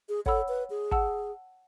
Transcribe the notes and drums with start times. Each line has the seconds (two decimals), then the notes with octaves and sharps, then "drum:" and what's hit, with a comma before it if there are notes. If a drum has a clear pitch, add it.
0.09 G#4
0.26 A4 C#5 F#5 B5 E6, drum: kick
0.48 B4
0.70 G#4
0.91 F#5 A5 E6, drum: kick